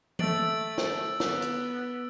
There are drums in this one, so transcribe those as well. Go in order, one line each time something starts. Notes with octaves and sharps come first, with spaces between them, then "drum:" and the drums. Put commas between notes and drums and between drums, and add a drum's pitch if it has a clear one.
A3 E6 A6 D7 F#7, drum: tom E3
drum: snare
B3, drum: snare
drum: hi-hat